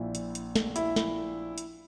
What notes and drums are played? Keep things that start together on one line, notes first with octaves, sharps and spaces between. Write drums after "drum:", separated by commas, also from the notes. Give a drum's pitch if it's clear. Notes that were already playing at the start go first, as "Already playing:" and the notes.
Already playing: A#1 A#2 F3 E4
drum: hi-hat
drum: hi-hat
drum: snare
E4, drum: hi-hat
drum: snare
drum: hi-hat